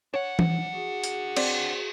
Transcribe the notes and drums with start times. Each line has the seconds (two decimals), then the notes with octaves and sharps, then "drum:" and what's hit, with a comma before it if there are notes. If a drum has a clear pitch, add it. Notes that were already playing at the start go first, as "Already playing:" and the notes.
0.14 D4 C#5 F#5
0.39 drum: tom E3
0.75 F#4 G#4
1.04 drum: hi-hat
1.37 C4 D5, drum: cymbal